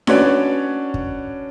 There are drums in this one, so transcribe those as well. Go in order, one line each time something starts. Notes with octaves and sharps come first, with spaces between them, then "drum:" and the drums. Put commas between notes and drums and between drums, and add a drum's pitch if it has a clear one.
C#4 D4 F#4 B4 C#5 D5, drum: snare D#4
drum: kick